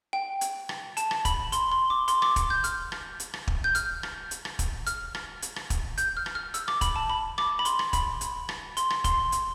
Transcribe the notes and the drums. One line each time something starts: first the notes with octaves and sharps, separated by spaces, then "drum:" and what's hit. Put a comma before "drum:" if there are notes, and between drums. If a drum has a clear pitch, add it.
G5
drum: hi-hat
drum: rim click
A5, drum: hi-hat
drum: rim click
B5, drum: kick, hi-hat
C6, drum: hi-hat
C6
D6
C6, drum: hi-hat
D6, drum: rim click
drum: kick, hi-hat
G6
F6, drum: hi-hat
drum: rim click
drum: hi-hat
drum: rim click
drum: kick
G6
F6, drum: hi-hat
drum: rim click
drum: hi-hat
drum: rim click
drum: kick, hi-hat
F6, drum: hi-hat
drum: rim click
drum: hi-hat
drum: rim click
drum: kick, hi-hat
G6, drum: hi-hat
F6
drum: rim click
F6
E6, drum: hi-hat
D6, drum: rim click
B5, drum: kick, hi-hat
A5
B5
D6, drum: rim click
B5
C6, drum: hi-hat
drum: rim click
B5, drum: kick, hi-hat
drum: hi-hat
drum: rim click
C6, drum: hi-hat
drum: rim click
C6, drum: kick, hi-hat
drum: hi-hat